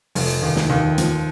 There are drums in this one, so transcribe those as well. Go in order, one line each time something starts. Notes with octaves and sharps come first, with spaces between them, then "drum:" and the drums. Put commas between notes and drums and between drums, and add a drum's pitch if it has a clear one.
F1, drum: open hi-hat
D#2
drum: snare
D#2
F3, drum: hi-hat